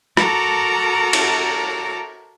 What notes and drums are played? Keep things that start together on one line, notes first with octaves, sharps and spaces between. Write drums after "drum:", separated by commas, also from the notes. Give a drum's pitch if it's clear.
F#4 A4 A#4 A5 A#5 D6, drum: rim click
drum: cymbal